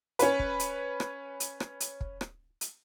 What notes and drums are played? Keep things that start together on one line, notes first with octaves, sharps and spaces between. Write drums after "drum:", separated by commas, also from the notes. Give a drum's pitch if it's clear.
C#4 B4, drum: hi-hat
drum: kick
drum: hi-hat
drum: rim click
drum: hi-hat
drum: rim click
drum: hi-hat
drum: kick
drum: rim click
drum: hi-hat